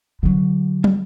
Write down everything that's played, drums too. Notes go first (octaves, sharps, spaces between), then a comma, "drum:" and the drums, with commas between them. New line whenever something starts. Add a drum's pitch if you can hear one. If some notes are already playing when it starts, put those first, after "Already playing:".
D3 F#3
drum: tom